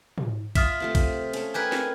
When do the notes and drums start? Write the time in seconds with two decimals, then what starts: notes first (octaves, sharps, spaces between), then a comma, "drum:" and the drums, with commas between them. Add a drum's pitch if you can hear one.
0.18 drum: tom
0.55 F4 E5 D#6 F6 B6, drum: kick A1, cymbal
0.80 C3 F3 A3
0.95 drum: kick A1, cymbal
1.33 C#4 A4, drum: cymbal
1.54 G4 A#4 B4 G#5
1.72 drum: snare